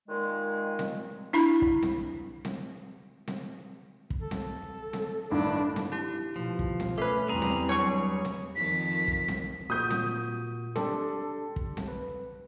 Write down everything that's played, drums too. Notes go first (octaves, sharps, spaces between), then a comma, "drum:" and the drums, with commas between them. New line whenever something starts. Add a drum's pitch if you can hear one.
A#2 D#3 G#3
drum: snare C4
D4 E4 B5
drum: kick
drum: snare C4
drum: snare C4
drum: snare C4
drum: kick
A4
drum: snare C4
drum: snare C4
A1 G2 D#3 D4 A4
drum: snare C4
E4 G4
B2 F3
drum: kick
drum: snare C4
A3 C#4 B4 D6 B6 C7
E2 G3 C4 G#4 A#5
drum: snare C4
F#3 D4 C#5 C#6
drum: snare C4
F2 D#3 F3 B6
drum: kick
drum: snare C4
A#2 F#4 D#6 G6
drum: snare C4
D4 G4 A4 C6, drum: snare C4
drum: kick
drum: snare C4
B4